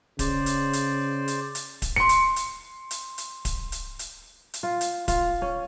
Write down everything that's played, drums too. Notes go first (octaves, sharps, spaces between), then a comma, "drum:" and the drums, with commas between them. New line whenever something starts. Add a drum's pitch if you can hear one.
C#3 C5 D5, drum: kick D1, hi-hat
drum: hi-hat
drum: hi-hat
drum: hi-hat
drum: hi-hat
drum: kick D1, hi-hat
C6 C#7
drum: hi-hat
drum: hi-hat
drum: hi-hat
drum: hi-hat
drum: kick D1, hi-hat
drum: hi-hat
drum: hi-hat
drum: hi-hat
F4
drum: hi-hat
F4, drum: kick D1, hi-hat
C#4